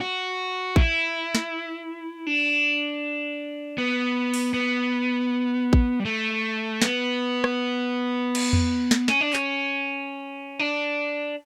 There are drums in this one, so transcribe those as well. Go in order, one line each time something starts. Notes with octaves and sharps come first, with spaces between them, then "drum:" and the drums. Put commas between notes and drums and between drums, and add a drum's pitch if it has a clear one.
F#4
E4, drum: kick A1
drum: snare
D4
B3
drum: open hi-hat
B3
drum: kick A1
G3
A3
B3, drum: snare
drum: rim click
drum: cymbal
drum: tom E2
drum: snare
C#4, drum: snare
D4
C#4, drum: clap
D4